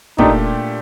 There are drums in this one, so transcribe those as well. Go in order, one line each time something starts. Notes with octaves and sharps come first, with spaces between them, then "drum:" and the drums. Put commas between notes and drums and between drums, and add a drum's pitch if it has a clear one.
A#2 A3 D4 D#4 G4, drum: kick